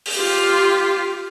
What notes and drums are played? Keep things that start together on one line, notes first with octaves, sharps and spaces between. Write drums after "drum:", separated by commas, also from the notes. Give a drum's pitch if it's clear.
drum: open hi-hat
F4 G4